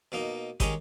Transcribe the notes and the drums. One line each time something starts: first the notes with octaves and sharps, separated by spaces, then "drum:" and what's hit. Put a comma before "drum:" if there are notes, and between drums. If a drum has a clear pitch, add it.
B2 A#3 D#4
D#3 G#3 C#4 D#4 G4, drum: kick, hi-hat